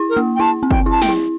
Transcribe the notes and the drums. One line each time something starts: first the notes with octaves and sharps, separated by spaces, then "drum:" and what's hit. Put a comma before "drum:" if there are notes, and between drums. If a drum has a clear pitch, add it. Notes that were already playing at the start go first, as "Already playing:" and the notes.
Already playing: E4
A#4
A#3
G5
E4 A5
C4
G5, drum: kick F#1
E4 A5
G5, drum: snare
E4